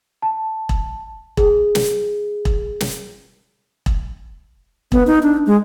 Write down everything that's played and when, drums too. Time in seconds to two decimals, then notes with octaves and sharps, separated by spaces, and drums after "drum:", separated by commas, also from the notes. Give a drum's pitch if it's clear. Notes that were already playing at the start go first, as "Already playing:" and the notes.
0.22 A5
0.69 drum: kick E1
1.37 G#4, drum: kick E1
1.75 drum: snare
2.45 drum: kick E1
2.80 drum: snare
3.86 drum: kick E1
4.92 B3, drum: kick E1
5.07 D#4
5.23 D4
5.47 G#3